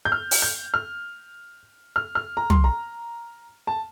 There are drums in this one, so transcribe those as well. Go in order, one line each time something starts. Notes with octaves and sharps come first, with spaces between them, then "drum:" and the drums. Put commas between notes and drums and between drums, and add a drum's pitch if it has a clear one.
G6
F6
drum: open hi-hat
G6
F6
F6
F6
A#5
C6, drum: tom
A#5
A5